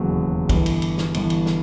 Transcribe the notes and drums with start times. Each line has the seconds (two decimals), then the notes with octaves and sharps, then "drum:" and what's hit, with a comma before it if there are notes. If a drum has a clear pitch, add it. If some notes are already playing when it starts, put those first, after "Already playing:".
Already playing: E1 D#2 C#3 F#3
0.49 G1 G2 E3, drum: kick, cymbal
0.66 drum: cymbal
0.82 drum: cymbal
0.98 drum: snare
1.14 G1 G2 E3, drum: cymbal
1.30 drum: cymbal
1.46 drum: snare